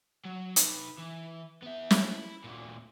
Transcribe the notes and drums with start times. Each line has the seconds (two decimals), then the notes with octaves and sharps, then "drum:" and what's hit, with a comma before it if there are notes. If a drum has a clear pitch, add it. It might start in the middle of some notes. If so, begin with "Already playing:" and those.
0.25 F#3
0.56 D#4 B4, drum: hi-hat
0.99 E3
1.63 B3 E5
1.91 drum: snare
2.05 E4
2.44 D2 A#2